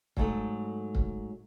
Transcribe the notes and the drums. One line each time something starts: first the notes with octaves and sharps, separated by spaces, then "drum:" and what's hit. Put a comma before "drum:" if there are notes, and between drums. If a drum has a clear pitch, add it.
G#2 F#3 A3 A4, drum: kick C#1
drum: kick C#1